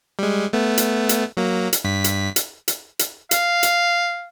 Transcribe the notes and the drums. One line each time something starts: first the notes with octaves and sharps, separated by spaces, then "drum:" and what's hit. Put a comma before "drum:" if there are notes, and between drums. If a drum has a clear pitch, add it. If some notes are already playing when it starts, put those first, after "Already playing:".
G3 G#3
A3 B3
drum: hi-hat
drum: hi-hat
F#3 A#3
drum: hi-hat
G2 B6
drum: hi-hat
drum: hi-hat
drum: hi-hat
drum: hi-hat
F5, drum: hi-hat
drum: hi-hat